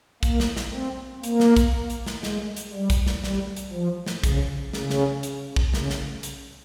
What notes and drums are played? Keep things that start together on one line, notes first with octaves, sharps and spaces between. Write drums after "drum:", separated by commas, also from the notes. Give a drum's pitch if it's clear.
A#3, drum: kick, hi-hat
drum: snare
drum: snare
C4
A#3, drum: hi-hat
drum: snare
drum: kick, hi-hat
drum: hi-hat
drum: snare
G#3, drum: snare
drum: hi-hat
G3
drum: kick, hi-hat
drum: snare
G3, drum: snare
drum: hi-hat
F3
drum: snare
C#3, drum: kick, hi-hat
C#3, drum: snare
drum: snare
drum: hi-hat
drum: kick
C#3, drum: snare
drum: snare
drum: hi-hat